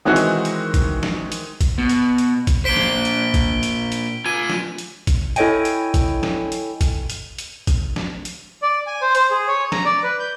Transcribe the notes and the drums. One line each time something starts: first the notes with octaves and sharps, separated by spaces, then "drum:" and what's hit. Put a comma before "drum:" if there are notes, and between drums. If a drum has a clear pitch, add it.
D#3 E3 G#3 C4 F#4
drum: hi-hat
drum: hi-hat
drum: kick, hi-hat
drum: snare
drum: hi-hat
drum: kick, hi-hat
B2
drum: hi-hat
drum: hi-hat
drum: kick, hi-hat
A#2 C5 B6 D7 G7
drum: snare
drum: hi-hat
drum: kick, hi-hat
drum: hi-hat
drum: hi-hat
F4 G#5 D#7
drum: snare
drum: hi-hat
drum: kick, hi-hat
E4 A4 C#5 D#5 G5 G#5, drum: hi-hat
drum: hi-hat
drum: kick, hi-hat
drum: snare
drum: hi-hat
drum: kick, hi-hat
drum: hi-hat
drum: hi-hat
drum: kick, hi-hat
drum: snare
drum: hi-hat
D5
G#5
C5
C5, drum: hi-hat
G#4
C#5
A#5, drum: snare
D5
B4
G6